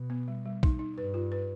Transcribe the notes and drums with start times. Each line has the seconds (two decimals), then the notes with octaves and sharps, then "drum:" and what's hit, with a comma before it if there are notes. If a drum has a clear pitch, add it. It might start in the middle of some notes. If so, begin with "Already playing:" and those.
Already playing: B2
0.10 B3
0.28 G3
0.46 G3
0.63 D#4, drum: kick
0.79 D#4
0.97 G2 B4
1.14 F4
1.32 B4